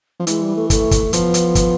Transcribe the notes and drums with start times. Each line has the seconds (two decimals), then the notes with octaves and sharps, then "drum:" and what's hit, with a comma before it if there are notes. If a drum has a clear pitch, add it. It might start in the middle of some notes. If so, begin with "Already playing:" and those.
0.20 F3
0.27 E3 G#3, drum: hi-hat
0.42 G3
0.56 A3
0.70 A3, drum: kick, hi-hat
0.91 drum: kick, hi-hat
1.13 F3 B3, drum: hi-hat
1.34 drum: hi-hat
1.55 drum: kick, hi-hat